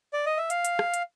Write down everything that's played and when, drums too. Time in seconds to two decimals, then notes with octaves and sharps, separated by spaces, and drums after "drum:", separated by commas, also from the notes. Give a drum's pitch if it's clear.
0.13 D5
0.26 D#5
0.37 E5
0.50 F5, drum: hi-hat
0.65 drum: hi-hat
0.79 drum: rim click
0.94 drum: hi-hat